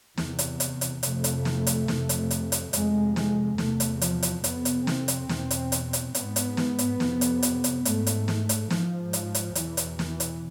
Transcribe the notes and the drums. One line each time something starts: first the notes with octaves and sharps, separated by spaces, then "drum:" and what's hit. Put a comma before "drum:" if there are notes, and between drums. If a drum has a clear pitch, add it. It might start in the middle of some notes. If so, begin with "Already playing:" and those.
E2 C3, drum: snare
drum: hi-hat
drum: hi-hat
drum: hi-hat
F2 C3 A3, drum: hi-hat
drum: hi-hat
drum: snare
drum: hi-hat
F2 C3, drum: snare
drum: hi-hat
drum: hi-hat
drum: hi-hat
F2 C3 G#3, drum: hi-hat
G#3, drum: snare
E2 C3 A3, drum: snare
drum: hi-hat
F3, drum: hi-hat
drum: hi-hat
F2 C3 B3, drum: hi-hat
drum: hi-hat
C4, drum: snare
drum: hi-hat
E2 B2, drum: snare
drum: hi-hat
drum: hi-hat
drum: hi-hat
G#2 B3, drum: hi-hat
drum: hi-hat
drum: snare
drum: hi-hat
F2 C3, drum: snare
drum: hi-hat
drum: hi-hat
drum: hi-hat
G#2 A3, drum: hi-hat
drum: hi-hat
drum: snare
drum: hi-hat
G#2 F3, drum: snare
drum: hi-hat
drum: hi-hat
E2 B2 E3, drum: hi-hat
drum: hi-hat
E3, drum: snare
drum: hi-hat